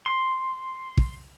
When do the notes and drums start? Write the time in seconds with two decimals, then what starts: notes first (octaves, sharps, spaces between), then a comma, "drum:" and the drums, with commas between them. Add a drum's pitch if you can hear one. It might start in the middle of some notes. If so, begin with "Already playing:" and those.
0.06 C6
0.97 drum: kick